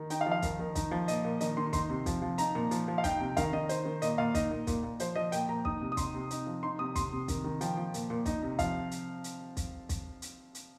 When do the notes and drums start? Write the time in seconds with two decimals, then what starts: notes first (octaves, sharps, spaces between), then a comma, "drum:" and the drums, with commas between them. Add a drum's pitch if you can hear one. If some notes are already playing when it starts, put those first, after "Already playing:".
Already playing: D#3
0.10 D#4 G5, drum: hi-hat
0.21 F5
0.26 F3
0.31 F5
0.42 D#3, drum: kick, hi-hat
0.59 D#3
0.75 D#4, drum: kick, hi-hat
0.91 F3
1.08 A#2 D#5, drum: hi-hat
1.24 A#2
1.41 D#3 D#5, drum: hi-hat
1.57 D#3 C6
1.73 D#4 C6, drum: kick, hi-hat
1.89 C3
2.06 F3, drum: kick, hi-hat
2.22 F3
2.38 D#4 A#5, drum: hi-hat
2.55 A#2
2.71 F3, drum: hi-hat
2.88 F3
2.98 F5
3.04 D#4 G5, drum: kick, hi-hat
3.20 C3
3.37 D#3 F5, drum: kick, hi-hat
3.52 D#3 D#5
3.69 D#4 C5, drum: hi-hat
3.85 D#3
4.02 A#2 D#5, drum: hi-hat
4.18 A#2 F5
4.35 D#4 D#5, drum: kick, hi-hat
4.51 A#2
4.67 A#2, drum: kick, hi-hat
4.83 A#2
5.00 F3 C5, drum: hi-hat
5.16 F3 D#5
5.32 A#2 G5, drum: hi-hat
5.49 A#2 A#5
5.65 D#4 D#6, drum: kick
5.81 C3
5.92 D#6
5.97 D#4 C6, drum: kick, hi-hat
6.14 C3
6.30 D#4, drum: hi-hat
6.47 F3
6.63 D#4 C6
6.79 C3 D#6
6.95 C3 C6, drum: kick, hi-hat
7.12 C3
7.28 D#3, drum: kick, hi-hat
7.44 D#3
7.61 F3 G5, drum: hi-hat
7.77 F3
7.94 A#2, drum: hi-hat
8.10 A#2
8.26 D#4, drum: kick, hi-hat
8.43 C3
8.59 F3 F5, drum: kick, hi-hat
8.91 drum: hi-hat
9.24 drum: hi-hat
9.57 drum: kick, hi-hat
9.89 drum: kick, hi-hat
10.22 drum: hi-hat
10.55 drum: hi-hat